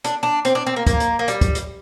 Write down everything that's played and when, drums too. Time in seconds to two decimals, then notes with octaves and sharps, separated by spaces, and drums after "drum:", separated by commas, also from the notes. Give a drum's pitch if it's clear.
0.04 D4, drum: hi-hat
0.23 D4
0.45 C4, drum: hi-hat
0.55 D4
0.66 C4
0.76 A#3
0.87 A#3, drum: kick, hi-hat
1.00 drum: hi-hat
1.19 A#3
1.28 G3, drum: hi-hat
1.41 drum: kick, hi-hat
1.55 drum: hi-hat